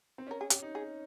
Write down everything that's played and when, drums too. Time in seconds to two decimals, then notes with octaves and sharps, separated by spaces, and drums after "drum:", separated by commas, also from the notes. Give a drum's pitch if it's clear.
0.18 C4
0.27 C#4 A#4
0.41 G#4
0.50 G4, drum: hi-hat
0.62 D#4
0.75 G#4